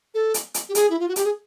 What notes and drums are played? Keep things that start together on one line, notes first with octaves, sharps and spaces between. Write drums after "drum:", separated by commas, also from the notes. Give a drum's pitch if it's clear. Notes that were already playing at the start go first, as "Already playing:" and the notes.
A4
drum: hi-hat
drum: hi-hat
G4
G#4, drum: hi-hat
E4
F4
F#4
G4, drum: hi-hat
G#4